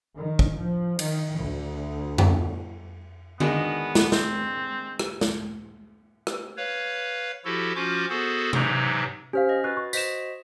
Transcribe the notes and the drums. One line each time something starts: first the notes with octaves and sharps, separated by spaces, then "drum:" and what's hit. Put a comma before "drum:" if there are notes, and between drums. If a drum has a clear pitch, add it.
D#3
drum: kick
F3
D#3, drum: cymbal
D2
drum: tom F2
D#3 G#3 B3 D4, drum: tom D3
drum: snare
C4, drum: snare
drum: rim click
drum: snare
drum: rim click
B4 C#5 F5
F3 E4 F#4 G4 A4
F3 C#4 F4 F#4 D6 G6
B3 F#4 G#4 A4 C5
G#2 C3 E3 F#3 D#4, drum: tom C3
C#4 G4 C5 F5 F6 B6
D#5
F#4 B4 F#6 A6
C#6
F#4 C5 D#5 B6 E7, drum: tambourine